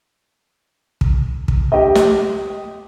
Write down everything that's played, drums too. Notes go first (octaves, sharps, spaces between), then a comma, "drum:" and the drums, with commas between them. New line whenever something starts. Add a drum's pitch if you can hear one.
drum: kick
drum: kick
G4 D#5
drum: snare